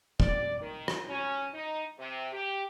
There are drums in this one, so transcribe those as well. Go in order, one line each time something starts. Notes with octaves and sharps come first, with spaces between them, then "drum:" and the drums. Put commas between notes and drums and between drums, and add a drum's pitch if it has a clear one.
D5, drum: kick
D#3
drum: rim click
C#4
D#4
C3
G4